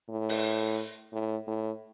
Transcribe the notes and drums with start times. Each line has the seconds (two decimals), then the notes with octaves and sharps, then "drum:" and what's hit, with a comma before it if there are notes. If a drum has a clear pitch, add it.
0.09 A2
0.29 drum: open hi-hat
1.12 A2
1.47 A2